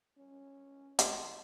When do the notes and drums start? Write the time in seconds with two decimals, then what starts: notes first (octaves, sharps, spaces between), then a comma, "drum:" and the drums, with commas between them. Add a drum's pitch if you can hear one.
0.17 C#4
0.99 A1 D#5 C6, drum: hi-hat